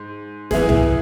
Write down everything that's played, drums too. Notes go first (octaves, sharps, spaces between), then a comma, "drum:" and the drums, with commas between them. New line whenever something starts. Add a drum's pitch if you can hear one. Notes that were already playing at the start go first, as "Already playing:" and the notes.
Already playing: G#2
E2 E3 B3 E4 G#4, drum: snare
drum: tom C2